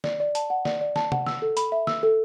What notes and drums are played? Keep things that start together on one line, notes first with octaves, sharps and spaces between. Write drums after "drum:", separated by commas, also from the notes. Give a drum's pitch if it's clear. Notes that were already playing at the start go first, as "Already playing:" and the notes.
D5, drum: snare
D5
A5, drum: hi-hat
F#5
D5, drum: snare
D5
A5, drum: snare
F#5, drum: tom C3
E6, drum: snare
A4
B5, drum: hi-hat
E5
E6, drum: snare
A4